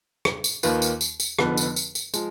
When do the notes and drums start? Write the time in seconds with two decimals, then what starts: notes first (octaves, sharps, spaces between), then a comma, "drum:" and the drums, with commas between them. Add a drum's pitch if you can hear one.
0.25 drum: rim click
0.44 drum: tambourine
0.63 D#2 D#3 A#3 F4 B4, drum: tambourine
0.82 drum: tambourine
1.01 drum: tambourine
1.20 drum: tambourine
1.39 F1 F2 D3 F3 B3, drum: rim click
1.57 drum: tambourine
1.76 drum: tambourine
1.95 drum: tambourine
2.14 F3 G#3, drum: tambourine